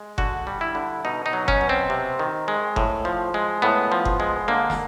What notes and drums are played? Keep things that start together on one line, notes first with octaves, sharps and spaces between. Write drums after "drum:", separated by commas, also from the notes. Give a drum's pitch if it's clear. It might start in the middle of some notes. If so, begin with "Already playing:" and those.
Already playing: G#3
D3 F#4, drum: kick F#1
G3
E4
D3
B2 D#4
D#4
F#3
C#4, drum: kick F#1
B2
C4
C3
D#3
G#3
A2, drum: kick F#1
F3
G#3
A2 B3
F3
drum: kick F#1
G#3
D3 A#3
drum: snare